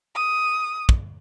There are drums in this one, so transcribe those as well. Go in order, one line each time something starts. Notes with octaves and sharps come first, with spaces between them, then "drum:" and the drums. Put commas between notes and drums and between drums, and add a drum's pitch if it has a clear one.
D#6
drum: kick